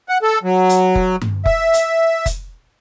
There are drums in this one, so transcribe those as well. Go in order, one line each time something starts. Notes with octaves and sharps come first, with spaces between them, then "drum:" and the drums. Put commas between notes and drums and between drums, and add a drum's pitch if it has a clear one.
F#5
A4
F#3
drum: hi-hat
drum: kick F1
drum: tom G2
E5, drum: kick F1
drum: hi-hat
drum: kick F1, hi-hat